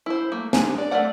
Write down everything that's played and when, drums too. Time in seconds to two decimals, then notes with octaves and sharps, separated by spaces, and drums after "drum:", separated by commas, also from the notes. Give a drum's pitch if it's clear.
0.06 E4 C5
0.32 A3 A#3
0.53 B3 D4 D#4 G#5, drum: snare
0.78 D5
0.91 A3 C4 A#4 D5 F#5